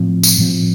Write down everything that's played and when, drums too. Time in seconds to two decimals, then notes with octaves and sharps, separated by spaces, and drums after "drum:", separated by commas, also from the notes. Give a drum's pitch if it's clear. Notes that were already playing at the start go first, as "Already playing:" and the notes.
Already playing: A2 F3 C4
0.23 drum: tambourine
0.38 A2 F3 C4